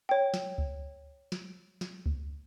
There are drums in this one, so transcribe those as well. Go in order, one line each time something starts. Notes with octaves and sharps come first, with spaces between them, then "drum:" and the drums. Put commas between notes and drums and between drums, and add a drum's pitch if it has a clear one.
C#5 G5
drum: snare
drum: kick C#2
drum: snare
drum: snare
drum: kick C#2